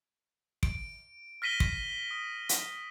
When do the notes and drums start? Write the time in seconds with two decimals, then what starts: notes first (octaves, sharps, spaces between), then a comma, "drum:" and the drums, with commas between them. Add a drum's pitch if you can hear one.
0.63 D7, drum: kick
1.42 F6 A#6 B6 D#7 G7
1.60 drum: kick
2.11 D#6
2.49 drum: hi-hat